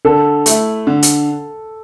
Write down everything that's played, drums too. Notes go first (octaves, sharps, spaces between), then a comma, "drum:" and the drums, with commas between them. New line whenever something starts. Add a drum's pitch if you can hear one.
D3 A4
A3 E4, drum: hi-hat
D3
drum: hi-hat